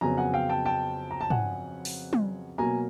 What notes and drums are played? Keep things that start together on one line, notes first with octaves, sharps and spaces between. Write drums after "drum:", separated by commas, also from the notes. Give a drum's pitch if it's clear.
F2 C#3 F#3 B3 G#5 A#5
F#5 G#5
F5 G5
G5 A5
G5 A5
A#5
A5
F#5 G#5, drum: tom
drum: open hi-hat
drum: tom
B2 F#3 A#3 G#5 A#5